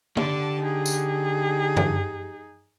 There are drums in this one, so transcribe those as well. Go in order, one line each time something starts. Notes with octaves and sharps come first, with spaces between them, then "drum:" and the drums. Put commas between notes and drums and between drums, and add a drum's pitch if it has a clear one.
D3 G4 D5 A5, drum: tom
D#4 G#4
drum: tambourine
drum: tom F#2